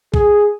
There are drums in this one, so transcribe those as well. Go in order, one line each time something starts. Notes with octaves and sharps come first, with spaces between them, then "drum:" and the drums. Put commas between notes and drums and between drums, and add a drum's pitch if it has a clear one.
G#4, drum: kick